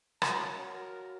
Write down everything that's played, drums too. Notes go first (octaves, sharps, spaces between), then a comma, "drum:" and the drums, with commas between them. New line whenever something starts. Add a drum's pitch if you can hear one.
A#3 C#4 F#4 A5, drum: rim click
F#4 A#4